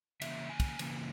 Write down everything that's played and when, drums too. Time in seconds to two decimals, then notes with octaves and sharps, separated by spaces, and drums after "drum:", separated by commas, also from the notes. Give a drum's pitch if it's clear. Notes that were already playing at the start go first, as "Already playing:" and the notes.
0.22 C#3 E3 A#3 C#4 E5, drum: cymbal
0.50 G#5
0.60 drum: kick, cymbal
0.79 C#3 E3 A#3 C#4, drum: cymbal